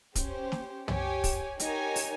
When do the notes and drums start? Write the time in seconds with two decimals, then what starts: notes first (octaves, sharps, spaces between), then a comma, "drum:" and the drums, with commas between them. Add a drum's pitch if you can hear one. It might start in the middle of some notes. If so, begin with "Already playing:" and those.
0.15 C#4 G4 C5, drum: kick, hi-hat
0.52 drum: snare
0.88 G4 C#5 G#5, drum: tom
1.24 drum: kick, open hi-hat
1.60 D#4 G4 A#4 C#5 G#5, drum: hi-hat
1.96 drum: open hi-hat